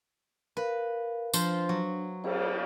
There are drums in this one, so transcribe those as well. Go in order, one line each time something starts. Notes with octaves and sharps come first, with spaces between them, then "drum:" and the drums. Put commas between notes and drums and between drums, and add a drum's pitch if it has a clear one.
A#4 B4 F5
F3 D4 F4 C5, drum: tambourine
F#3
G#4 C5, drum: cymbal